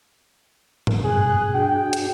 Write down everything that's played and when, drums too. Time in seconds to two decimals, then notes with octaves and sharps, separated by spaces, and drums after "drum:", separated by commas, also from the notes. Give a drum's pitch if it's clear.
0.87 drum: tom G#2
1.04 G2 B2 G#4 F#6
1.54 D4 F#4 G#4 G5
1.93 drum: hi-hat